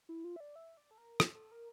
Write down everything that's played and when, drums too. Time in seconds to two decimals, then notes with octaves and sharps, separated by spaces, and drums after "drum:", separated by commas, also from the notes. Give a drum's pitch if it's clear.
0.09 E4
0.24 F4
0.36 E5
0.40 D5
0.56 E5
0.77 D5
0.91 A4
0.98 A#4
1.20 A4, drum: rim click
1.35 A4
1.52 A#4